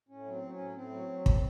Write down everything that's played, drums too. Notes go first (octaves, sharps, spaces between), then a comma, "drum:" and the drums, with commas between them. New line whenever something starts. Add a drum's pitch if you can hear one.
A2 C#4
F#3
C4
F#3
C#4
A2
A2 C4
F#3
F#3
A2, drum: kick